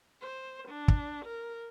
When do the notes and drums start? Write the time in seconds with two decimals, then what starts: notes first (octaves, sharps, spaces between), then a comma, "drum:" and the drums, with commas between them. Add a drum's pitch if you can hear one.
0.22 C5
0.68 D4
0.88 drum: kick
1.25 A#4